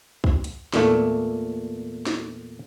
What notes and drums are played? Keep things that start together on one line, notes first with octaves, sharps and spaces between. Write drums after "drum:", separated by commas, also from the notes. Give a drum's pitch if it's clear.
drum: kick
drum: hi-hat
E2 A#2 A3, drum: snare
drum: snare